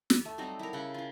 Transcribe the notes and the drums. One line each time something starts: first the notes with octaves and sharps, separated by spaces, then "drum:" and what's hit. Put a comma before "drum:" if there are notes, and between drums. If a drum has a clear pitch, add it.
drum: snare
A3
F#3 G3 C4 D#4
E4 A#4
C#3 F#5 G5
C#4 F4